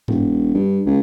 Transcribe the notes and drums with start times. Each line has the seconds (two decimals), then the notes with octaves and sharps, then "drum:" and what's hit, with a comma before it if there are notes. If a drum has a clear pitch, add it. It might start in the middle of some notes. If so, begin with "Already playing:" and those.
0.08 E1, drum: tom G2
0.54 G2
0.86 C#2